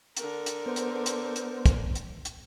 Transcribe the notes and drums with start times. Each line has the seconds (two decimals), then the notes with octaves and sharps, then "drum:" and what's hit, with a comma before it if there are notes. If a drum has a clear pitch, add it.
0.17 D3 A#4, drum: hi-hat
0.46 drum: hi-hat
0.66 B3 C5
0.76 drum: hi-hat
1.06 drum: hi-hat
1.36 drum: hi-hat
1.66 drum: kick, hi-hat
1.95 drum: hi-hat
2.25 drum: hi-hat